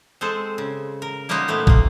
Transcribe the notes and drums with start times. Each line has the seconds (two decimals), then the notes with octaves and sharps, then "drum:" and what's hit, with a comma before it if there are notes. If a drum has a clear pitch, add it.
0.21 G#3 C4 A4 C5
0.58 C#3
1.02 A#4
1.29 G3 A#3 C#4 D#4 F4 F#4
1.48 A#2 A3 B3 C4
1.67 A#3 F4, drum: kick